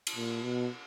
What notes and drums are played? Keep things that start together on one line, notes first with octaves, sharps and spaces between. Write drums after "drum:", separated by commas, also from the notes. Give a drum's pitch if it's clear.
drum: cymbal
A#2
B2